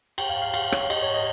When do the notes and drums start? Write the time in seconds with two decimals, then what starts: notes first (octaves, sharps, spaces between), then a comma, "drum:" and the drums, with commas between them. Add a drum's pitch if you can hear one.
0.18 G5, drum: cymbal
0.29 F5
0.42 F5
0.54 F5, drum: cymbal
0.72 C#5, drum: rim click
0.90 D#5, drum: cymbal
1.02 C#5
1.14 D#5